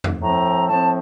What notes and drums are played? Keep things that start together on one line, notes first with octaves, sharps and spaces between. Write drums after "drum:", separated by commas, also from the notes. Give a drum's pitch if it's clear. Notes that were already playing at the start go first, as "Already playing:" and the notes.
drum: tom E2
A2 F3 C4 A#5
A2 F3 C4 A5